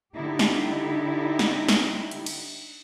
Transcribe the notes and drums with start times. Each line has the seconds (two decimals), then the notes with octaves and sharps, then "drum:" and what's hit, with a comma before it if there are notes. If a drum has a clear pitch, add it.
0.16 D3 D#4 E4 G4
0.39 drum: snare
1.39 drum: snare
1.68 drum: snare
2.11 drum: hi-hat
2.26 drum: cymbal